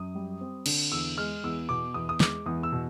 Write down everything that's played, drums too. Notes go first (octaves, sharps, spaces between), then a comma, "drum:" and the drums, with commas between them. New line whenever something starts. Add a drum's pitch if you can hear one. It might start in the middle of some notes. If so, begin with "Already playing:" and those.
Already playing: F#2 D#6
G3
C4
D3, drum: cymbal
E2 E6
G#3 F6
E2 E6
B2 D6
E2 D#6
D#6
G#3 D6, drum: snare
E2 D#6
E6
B2